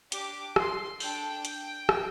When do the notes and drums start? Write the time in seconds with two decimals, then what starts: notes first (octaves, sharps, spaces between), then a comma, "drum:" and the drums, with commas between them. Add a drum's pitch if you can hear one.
0.12 D4 G4 D6, drum: hi-hat
0.56 C6, drum: rim click
1.00 D4 A4 G5, drum: open hi-hat
1.45 drum: hi-hat
1.89 drum: rim click